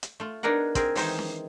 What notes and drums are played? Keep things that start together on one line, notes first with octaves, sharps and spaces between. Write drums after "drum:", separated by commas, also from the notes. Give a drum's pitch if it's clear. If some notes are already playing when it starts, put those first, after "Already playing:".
drum: hi-hat
A3 F4
B3 D4 D#4 G#4 A#4 F#5
C4 G#4 A#4, drum: kick, hi-hat
D#3 E3 G#3 D#4 C5 G#5, drum: open hi-hat
drum: snare